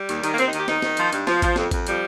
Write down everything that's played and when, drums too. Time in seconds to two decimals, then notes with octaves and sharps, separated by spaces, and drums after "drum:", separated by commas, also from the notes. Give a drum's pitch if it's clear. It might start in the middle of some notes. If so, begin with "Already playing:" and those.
Already playing: G3
0.09 D#2, drum: hi-hat
0.24 D#3, drum: hi-hat
0.32 A#3
0.38 D#2 C4, drum: hi-hat
0.48 D#4
0.53 D#3, drum: hi-hat
0.58 G4
0.68 D#3 D#4, drum: snare
0.82 D#3, drum: snare
0.97 F3, drum: hi-hat
1.12 G2, drum: hi-hat
1.27 F3, drum: snare
1.42 F3, drum: kick A1, hi-hat
1.56 F2, drum: snare
1.71 F2, drum: kick A1, hi-hat
1.87 F3 G3, drum: hi-hat